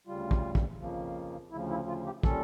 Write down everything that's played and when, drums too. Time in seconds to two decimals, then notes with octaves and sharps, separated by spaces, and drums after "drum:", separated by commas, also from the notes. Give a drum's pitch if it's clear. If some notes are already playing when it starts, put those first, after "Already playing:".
0.07 D2 C#3 G3 F4
0.31 drum: kick
0.55 drum: kick
0.79 F2 C#3 F3 A#3
1.51 D2 C#3 F3 E4
1.70 E4
1.88 F4
2.06 G4
2.23 A#2 G3 C#4 A4, drum: kick